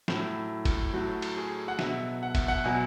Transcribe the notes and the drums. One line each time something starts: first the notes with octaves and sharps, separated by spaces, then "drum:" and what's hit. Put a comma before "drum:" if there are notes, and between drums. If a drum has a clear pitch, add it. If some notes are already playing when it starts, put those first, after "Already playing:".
A2 F#3 E4, drum: snare
drum: kick, cymbal
A2 F#3 F#4
drum: cymbal
G#4
F#5
B2 F#3 E5, drum: snare
F#5
E5, drum: kick, cymbal
F#5
B2 F#3 G#5